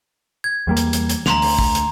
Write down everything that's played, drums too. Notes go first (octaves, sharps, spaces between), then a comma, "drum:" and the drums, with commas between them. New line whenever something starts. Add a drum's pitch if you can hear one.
G#6
E2 G3 A#3
drum: hi-hat
drum: hi-hat
drum: hi-hat
D2 A#5 C6 F7, drum: snare
drum: open hi-hat
drum: kick
drum: hi-hat